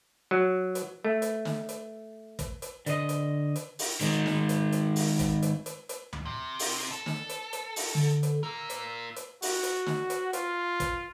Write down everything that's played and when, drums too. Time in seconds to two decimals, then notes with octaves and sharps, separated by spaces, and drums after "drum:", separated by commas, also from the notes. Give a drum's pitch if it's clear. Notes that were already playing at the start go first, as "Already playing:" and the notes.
0.31 F#3
0.75 drum: hi-hat
1.05 A3
1.22 drum: hi-hat
1.45 drum: snare
1.69 drum: hi-hat
2.39 drum: kick, hi-hat
2.62 drum: hi-hat
2.86 D3 D#5, drum: hi-hat
3.09 drum: hi-hat
3.56 drum: hi-hat
3.79 drum: open hi-hat
4.01 D#3 G#3, drum: hi-hat
4.26 drum: snare
4.49 drum: hi-hat
4.72 drum: hi-hat
4.96 drum: open hi-hat
5.19 drum: kick, hi-hat
5.42 drum: hi-hat
5.66 drum: hi-hat
5.89 drum: hi-hat
6.13 drum: tom D2
6.25 C3
6.59 drum: open hi-hat
6.91 A4
7.06 drum: snare
7.29 drum: hi-hat
7.53 drum: hi-hat
7.76 drum: open hi-hat
7.95 D3
8.23 drum: hi-hat
8.43 F4 A#4 E6
8.70 drum: hi-hat
9.16 drum: hi-hat
9.42 F#4, drum: open hi-hat
9.63 drum: hi-hat
9.86 drum: snare
10.10 drum: hi-hat
10.33 F4, drum: hi-hat
10.80 drum: kick, hi-hat